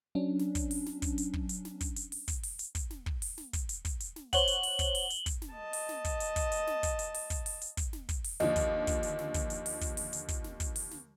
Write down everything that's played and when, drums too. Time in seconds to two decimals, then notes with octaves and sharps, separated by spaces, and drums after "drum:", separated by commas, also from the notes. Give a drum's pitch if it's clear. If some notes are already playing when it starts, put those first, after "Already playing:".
0.15 F#3 C#4 D4
0.39 drum: snare
0.55 drum: kick, hi-hat
0.71 drum: open hi-hat
0.86 drum: snare
1.02 drum: kick, hi-hat
1.18 drum: hi-hat
1.33 drum: kick
1.49 drum: hi-hat
1.65 drum: snare
1.81 drum: kick, hi-hat
1.96 drum: hi-hat
2.12 drum: open hi-hat
2.28 drum: kick, hi-hat
2.43 drum: open hi-hat
2.59 drum: hi-hat
2.75 drum: kick, hi-hat
2.90 drum: snare
3.06 drum: kick
3.22 drum: open hi-hat
3.38 drum: snare
3.53 drum: kick, hi-hat
3.69 drum: hi-hat
3.85 drum: kick, hi-hat
4.00 drum: hi-hat
4.16 drum: snare
4.33 C5 C#5 F#5 F#7 G7, drum: kick, hi-hat
4.47 drum: hi-hat
4.63 drum: open hi-hat
4.79 drum: kick, hi-hat
4.95 drum: open hi-hat
5.10 drum: hi-hat
5.26 drum: kick, hi-hat
5.42 drum: snare
5.52 D#5 A5
5.73 drum: open hi-hat
5.89 drum: snare
6.05 drum: kick, hi-hat
6.20 drum: hi-hat
6.36 drum: kick, hi-hat
6.52 drum: hi-hat
6.67 drum: snare
6.83 drum: kick, hi-hat
6.99 drum: hi-hat
7.14 drum: open hi-hat
7.30 drum: kick, hi-hat
7.46 drum: open hi-hat
7.62 drum: hi-hat
7.77 drum: kick, hi-hat
7.93 drum: snare
8.09 drum: kick, hi-hat
8.24 drum: open hi-hat
8.40 D#2 D3 F3 D#5, drum: snare
8.56 drum: kick, hi-hat
8.87 drum: kick, hi-hat
9.03 drum: hi-hat
9.19 drum: snare
9.34 drum: kick, hi-hat
9.50 drum: hi-hat
9.66 drum: open hi-hat
9.81 drum: kick, hi-hat
9.97 drum: open hi-hat
10.13 drum: hi-hat
10.28 drum: kick, hi-hat
10.44 drum: snare
10.60 drum: kick, hi-hat
10.76 drum: open hi-hat
10.91 drum: snare